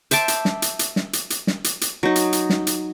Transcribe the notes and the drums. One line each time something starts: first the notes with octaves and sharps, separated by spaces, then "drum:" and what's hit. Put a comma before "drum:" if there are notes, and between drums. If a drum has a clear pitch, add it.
C5 E5 A5 D6, drum: hi-hat
drum: hi-hat
drum: snare
drum: hi-hat
drum: hi-hat
drum: snare
drum: hi-hat
drum: hi-hat
drum: snare
drum: hi-hat
drum: hi-hat
F#3 D#4
drum: hi-hat
drum: hi-hat
drum: snare
drum: hi-hat